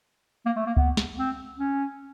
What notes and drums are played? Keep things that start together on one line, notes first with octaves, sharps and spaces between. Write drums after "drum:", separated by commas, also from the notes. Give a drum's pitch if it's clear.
A#3
A3
A#3
B3, drum: kick C#2
drum: snare
C4
C#4